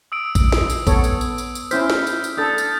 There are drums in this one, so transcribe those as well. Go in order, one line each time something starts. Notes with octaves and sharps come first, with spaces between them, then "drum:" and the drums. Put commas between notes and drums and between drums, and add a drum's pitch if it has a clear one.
D#6 E6 D7
drum: kick A1, tambourine
drum: snare
drum: tambourine
B3 A4 C#5, drum: kick A1, tambourine
drum: tambourine
drum: tambourine
drum: tambourine
drum: tambourine
C#4 E4 C5 F6 G6 B6, drum: tambourine
drum: snare
drum: tambourine
drum: tambourine
D4 A4 D#6 G6 A6
drum: tambourine